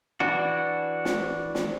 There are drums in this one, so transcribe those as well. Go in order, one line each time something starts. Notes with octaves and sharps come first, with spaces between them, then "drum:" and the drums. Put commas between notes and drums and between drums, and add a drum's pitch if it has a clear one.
E3 D4 F#4
drum: snare
drum: snare